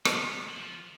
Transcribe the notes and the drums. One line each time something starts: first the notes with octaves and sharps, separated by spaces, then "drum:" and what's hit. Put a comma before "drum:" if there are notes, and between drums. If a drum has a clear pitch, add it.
G3, drum: rim click
F3